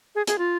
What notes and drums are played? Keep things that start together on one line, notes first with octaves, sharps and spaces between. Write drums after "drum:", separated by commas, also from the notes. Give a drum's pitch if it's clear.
G#4
G#4, drum: hi-hat
F4